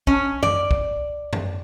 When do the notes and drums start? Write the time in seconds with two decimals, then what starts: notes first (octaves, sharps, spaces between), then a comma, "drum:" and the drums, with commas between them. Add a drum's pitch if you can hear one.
0.07 C#4, drum: kick
0.43 D5, drum: tom F#2
0.71 drum: kick
1.33 drum: tom F#2